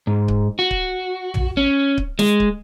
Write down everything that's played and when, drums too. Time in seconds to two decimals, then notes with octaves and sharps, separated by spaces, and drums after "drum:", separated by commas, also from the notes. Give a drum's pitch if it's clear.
0.07 G#2
0.28 drum: kick C#1
0.59 F#4
0.71 drum: kick C#1
1.34 drum: tom
1.57 C#4
1.98 drum: kick C#1
2.19 G#3, drum: snare
2.40 drum: kick C#1